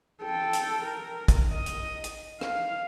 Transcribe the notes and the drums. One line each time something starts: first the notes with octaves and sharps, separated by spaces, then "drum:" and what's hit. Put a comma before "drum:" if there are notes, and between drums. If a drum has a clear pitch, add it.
A4 G5
drum: hi-hat
A#4
drum: kick, hi-hat
D#5
drum: hi-hat
drum: hi-hat
F5, drum: rim click